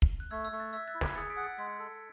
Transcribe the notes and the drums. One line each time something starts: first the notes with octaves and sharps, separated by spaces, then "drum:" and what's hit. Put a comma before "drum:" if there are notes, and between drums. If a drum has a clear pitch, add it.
drum: kick
F#6
A3 E6 G#6
E6 G#6
A3
F#6 A6
E5 E6 G#6
F#6 A6
E4
G#6 B6, drum: snare
G#4 A6 C#7
B6 D7
F#5
A6 C#7
G#3 G#6 B6
A4